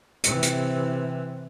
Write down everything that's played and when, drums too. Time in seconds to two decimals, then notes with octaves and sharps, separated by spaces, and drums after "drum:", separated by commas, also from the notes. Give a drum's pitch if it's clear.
0.24 C3 E3, drum: hi-hat
0.42 drum: hi-hat